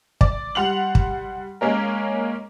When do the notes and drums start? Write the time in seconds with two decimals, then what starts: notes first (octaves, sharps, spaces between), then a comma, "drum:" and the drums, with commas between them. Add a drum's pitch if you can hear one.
0.21 D5, drum: kick
0.55 G3 F#5 C6 F7 F#7
0.95 drum: kick
1.61 G#3 A#3 C#4 A#4